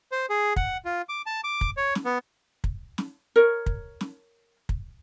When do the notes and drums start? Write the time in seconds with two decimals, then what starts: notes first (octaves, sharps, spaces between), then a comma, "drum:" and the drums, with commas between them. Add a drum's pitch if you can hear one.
0.12 C5
0.30 G#4
0.56 F#5, drum: kick
0.85 F4
1.09 D6
1.26 A5
1.44 D6
1.61 drum: kick
1.77 C#5
1.95 drum: snare
2.05 B3
2.64 drum: kick
2.98 drum: snare
3.36 A#4 C#5
3.66 drum: kick
4.01 drum: snare
4.69 drum: kick